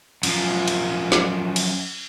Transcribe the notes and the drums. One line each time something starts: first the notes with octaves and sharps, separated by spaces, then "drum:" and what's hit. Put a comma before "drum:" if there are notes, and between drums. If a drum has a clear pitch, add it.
F#2 F3, drum: cymbal
drum: cymbal
drum: snare
drum: cymbal